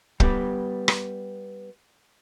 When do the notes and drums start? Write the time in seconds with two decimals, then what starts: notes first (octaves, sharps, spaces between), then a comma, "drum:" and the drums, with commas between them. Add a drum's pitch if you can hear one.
0.20 G3 B3 G4, drum: kick
0.88 drum: rim click